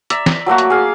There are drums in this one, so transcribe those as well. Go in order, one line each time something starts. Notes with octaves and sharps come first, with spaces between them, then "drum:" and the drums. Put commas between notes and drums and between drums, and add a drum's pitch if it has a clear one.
D5 E5 A#5, drum: hi-hat
drum: snare
F#3 A3 A#3 F#4
drum: hi-hat
G#4 F5